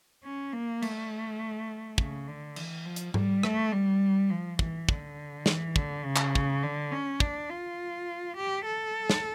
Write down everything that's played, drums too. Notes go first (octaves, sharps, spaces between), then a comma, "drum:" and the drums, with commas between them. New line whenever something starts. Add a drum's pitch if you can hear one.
C#4
A#3
A3, drum: cymbal
C#3, drum: kick
D3
E3, drum: cymbal
F3
drum: hi-hat
G3, drum: tom G#2
A3, drum: rim click
G3
F3
E3, drum: kick
D3, drum: kick
E3, drum: snare
D3, drum: kick
C#3
drum: clap
drum: kick
D3
C#4
D4, drum: kick
F4
G4
A4
drum: snare